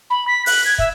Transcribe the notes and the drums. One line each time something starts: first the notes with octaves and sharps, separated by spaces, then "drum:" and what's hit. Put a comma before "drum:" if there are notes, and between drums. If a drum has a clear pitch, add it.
B5
B6
F#6, drum: open hi-hat
G#6
E5, drum: kick